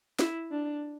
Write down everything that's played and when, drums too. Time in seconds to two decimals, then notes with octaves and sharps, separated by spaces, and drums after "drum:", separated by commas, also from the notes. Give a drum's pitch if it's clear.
0.19 E4, drum: snare
0.51 D4